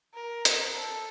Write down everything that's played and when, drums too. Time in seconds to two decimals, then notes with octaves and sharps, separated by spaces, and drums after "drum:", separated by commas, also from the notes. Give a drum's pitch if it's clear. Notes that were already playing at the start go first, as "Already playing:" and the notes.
0.14 A#4
0.45 drum: hi-hat
0.76 A4